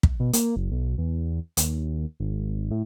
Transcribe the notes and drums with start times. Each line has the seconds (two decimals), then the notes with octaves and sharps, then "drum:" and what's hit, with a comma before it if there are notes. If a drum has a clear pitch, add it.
0.03 drum: kick
0.20 B2
0.33 A#3, drum: hi-hat
0.56 F#1
0.71 B1
0.98 E2
1.57 D#2, drum: hi-hat
2.20 G#1
2.71 A2